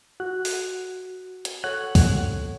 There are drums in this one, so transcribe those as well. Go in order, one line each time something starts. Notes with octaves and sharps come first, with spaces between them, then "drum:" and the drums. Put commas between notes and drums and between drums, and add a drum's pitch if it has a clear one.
F#4 F#6
drum: open hi-hat
drum: hi-hat
A4 C#5 F#5
drum: kick, open hi-hat